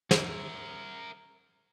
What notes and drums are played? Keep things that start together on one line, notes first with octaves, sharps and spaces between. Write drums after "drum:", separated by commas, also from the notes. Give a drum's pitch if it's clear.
A#4 E5, drum: snare